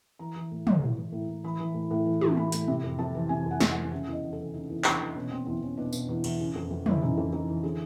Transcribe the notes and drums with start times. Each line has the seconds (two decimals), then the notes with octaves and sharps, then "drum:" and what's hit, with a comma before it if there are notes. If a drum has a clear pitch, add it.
0.19 E3 A#5
0.36 E3
0.51 A2
0.67 A2, drum: tom
0.82 E3
0.97 E3
1.12 A2
1.29 A2
1.44 E3 B5
1.60 E3
1.74 A2
1.91 A2
2.05 E3
2.21 E3, drum: tom
2.37 A2 B5
2.52 A2, drum: hi-hat
2.68 C3
2.83 F2
2.99 F2 A5
3.15 E3
3.29 C3 G#5
3.46 F2 F#5
3.60 F2, drum: snare
3.71 F#5
3.76 E3
3.92 C#3 E5
4.07 E2
4.13 D#5
4.23 E2
4.33 A4
4.39 E3
4.54 C#3 D#4
4.70 E2
4.84 E2 D4, drum: clap
5.00 E3
5.16 B2 C#4
5.31 B2 C4
5.46 E2 C4
5.62 E2 C#4
5.77 B2 D4
5.93 B2, drum: tambourine
6.09 E2
6.24 E2, drum: cymbal
6.40 C#3
6.55 F2
6.70 F2
6.86 E3 E4, drum: tom
7.01 C#3 D#4
7.17 F2
7.32 F2 D#4
7.48 E3
7.63 D3 G#4